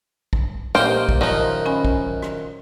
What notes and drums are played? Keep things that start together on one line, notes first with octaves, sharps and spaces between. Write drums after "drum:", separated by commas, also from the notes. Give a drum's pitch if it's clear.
drum: kick
A#2 A#3 D#4 G4 C5 F5 G5
drum: kick
F#2 D#3 F3 D#4
C#4 G#5 B5
drum: kick
drum: rim click